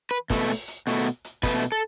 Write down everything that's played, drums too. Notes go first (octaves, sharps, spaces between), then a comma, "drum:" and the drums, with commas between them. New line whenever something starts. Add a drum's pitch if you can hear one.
B4
B2 A3, drum: kick, hi-hat
drum: open hi-hat
drum: hi-hat
B2 A3
drum: hi-hat
drum: hi-hat
B2 A3 B4, drum: kick, hi-hat
drum: hi-hat
A4